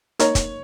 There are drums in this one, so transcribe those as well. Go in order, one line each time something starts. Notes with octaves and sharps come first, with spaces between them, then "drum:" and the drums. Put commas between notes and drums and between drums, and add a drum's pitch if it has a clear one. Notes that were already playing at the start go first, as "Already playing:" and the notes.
A#3 D#4 A#4 C#5 D#5, drum: hi-hat
drum: kick, hi-hat